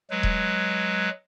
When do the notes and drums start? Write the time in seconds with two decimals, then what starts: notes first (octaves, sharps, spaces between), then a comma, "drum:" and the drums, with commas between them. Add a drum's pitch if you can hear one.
0.10 F#3 G#3 B4
0.23 drum: kick D#1